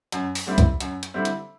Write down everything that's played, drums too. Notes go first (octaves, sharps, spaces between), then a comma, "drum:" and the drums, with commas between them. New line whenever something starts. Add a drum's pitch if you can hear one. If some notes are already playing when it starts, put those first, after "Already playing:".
F#2, drum: hi-hat
drum: open hi-hat
D3 G3 C4 E4
drum: kick, hi-hat
F#2, drum: hi-hat
drum: hi-hat
D3 G3 C4 E4
drum: hi-hat